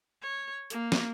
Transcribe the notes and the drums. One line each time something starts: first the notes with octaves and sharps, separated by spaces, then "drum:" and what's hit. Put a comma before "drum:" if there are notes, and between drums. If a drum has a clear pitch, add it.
C#5
A#3, drum: hi-hat
drum: snare